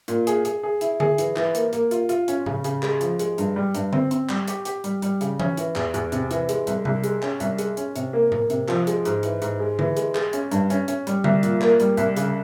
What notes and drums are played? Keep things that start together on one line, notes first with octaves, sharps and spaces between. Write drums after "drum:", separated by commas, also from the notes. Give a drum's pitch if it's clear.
A#2, drum: hi-hat
G#4, drum: hi-hat
G#4, drum: hi-hat
G#4
E4, drum: hi-hat
G#4, drum: tom D3
E3, drum: hi-hat
E3, drum: clap
A#3, drum: hi-hat
A#3, drum: hi-hat
F4, drum: hi-hat
F4, drum: hi-hat
C#4, drum: hi-hat
C#3, drum: tom A2
C#3, drum: hi-hat
G#3, drum: clap
F3, drum: hi-hat
G#3, drum: hi-hat
G2, drum: hi-hat
G3
G2, drum: hi-hat
C4, drum: tom D3
C4, drum: hi-hat
G3, drum: clap
G4, drum: hi-hat
G4, drum: hi-hat
G3, drum: hi-hat
G3, drum: hi-hat
C#3, drum: hi-hat
C#4, drum: tom E3
E3, drum: hi-hat
E2, drum: clap
E2, drum: hi-hat
C3, drum: hi-hat
E3, drum: hi-hat
G#3, drum: hi-hat
C2, drum: hi-hat
C2, drum: tom C3
G#3, drum: hi-hat
C#4, drum: clap
C2, drum: hi-hat
G#3, drum: hi-hat
C#4, drum: hi-hat
C3, drum: hi-hat
A#3
A#3, drum: tom A2
C3, drum: hi-hat
F3, drum: clap
G#3, drum: hi-hat
G#2, drum: hi-hat
E3, drum: hi-hat
G#2, drum: hi-hat
G#3
E3, drum: tom D3
G#3, drum: hi-hat
G#3, drum: clap
C#4, drum: hi-hat
G2, drum: hi-hat
C#4, drum: hi-hat
C#4, drum: hi-hat
G3, drum: hi-hat
C2, drum: tom D3
A#2, drum: hi-hat
A#3, drum: clap
G3, drum: hi-hat
C2, drum: hi-hat
C#3, drum: hi-hat